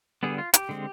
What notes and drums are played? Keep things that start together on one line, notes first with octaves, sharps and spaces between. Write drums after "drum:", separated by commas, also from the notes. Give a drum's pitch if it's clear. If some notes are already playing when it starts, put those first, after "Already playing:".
D3 G3 B3 G#4
F4
G4, drum: hi-hat
D3 G#3 C4